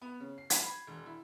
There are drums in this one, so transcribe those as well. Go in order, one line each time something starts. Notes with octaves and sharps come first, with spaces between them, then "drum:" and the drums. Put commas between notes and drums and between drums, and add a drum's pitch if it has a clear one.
B3
C#3
C7
G#6, drum: hi-hat
B5
E1
E4